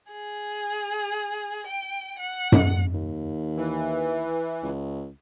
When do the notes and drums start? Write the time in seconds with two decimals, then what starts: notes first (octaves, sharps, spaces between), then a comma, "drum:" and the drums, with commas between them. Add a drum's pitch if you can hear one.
0.11 G#4
1.67 G5
2.19 F#5
2.52 drum: tom F#2
2.94 D#2
3.56 E3
4.63 C#2